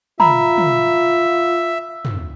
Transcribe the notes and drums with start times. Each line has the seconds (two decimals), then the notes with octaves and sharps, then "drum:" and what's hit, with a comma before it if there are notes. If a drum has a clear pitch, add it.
0.20 F4 E5 A#5 B5, drum: tom
0.58 drum: tom
2.05 drum: tom